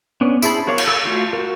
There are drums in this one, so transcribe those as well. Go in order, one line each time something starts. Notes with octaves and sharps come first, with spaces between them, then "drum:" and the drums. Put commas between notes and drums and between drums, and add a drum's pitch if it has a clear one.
B3 C#4 D4
E4 G#4 C5 A5 B5, drum: tambourine
F#4 A#4 C#5 F5 D6
drum: cymbal
A4 E6
A3 F4 F#4 F5
F#4 A#4